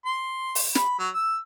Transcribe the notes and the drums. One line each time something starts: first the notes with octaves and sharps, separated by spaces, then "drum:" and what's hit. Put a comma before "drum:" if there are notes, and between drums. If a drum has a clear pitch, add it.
C6
drum: open hi-hat
B5, drum: snare
F#3
E6